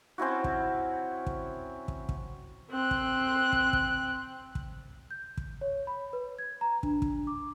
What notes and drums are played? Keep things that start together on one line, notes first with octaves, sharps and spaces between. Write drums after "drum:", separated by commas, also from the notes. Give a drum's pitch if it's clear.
C4 C#4 E4 F#4
drum: kick
drum: kick
drum: kick
drum: kick
C4 F#6
drum: kick
drum: kick
drum: kick
drum: kick
G6
drum: kick
C#5
B5
B4
G#6
A#5
D4, drum: kick
drum: kick
D6